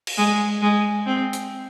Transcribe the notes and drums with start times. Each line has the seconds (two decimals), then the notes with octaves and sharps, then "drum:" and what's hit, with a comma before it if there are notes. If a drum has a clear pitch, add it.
0.07 drum: cymbal
0.18 G#3
0.62 G#3
1.06 C4
1.33 drum: hi-hat